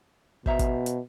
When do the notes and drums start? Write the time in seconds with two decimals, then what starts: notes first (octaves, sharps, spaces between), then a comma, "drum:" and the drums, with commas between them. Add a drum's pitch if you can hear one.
0.46 B2 C5 E5 A#5, drum: kick
0.59 drum: kick, hi-hat
0.86 drum: hi-hat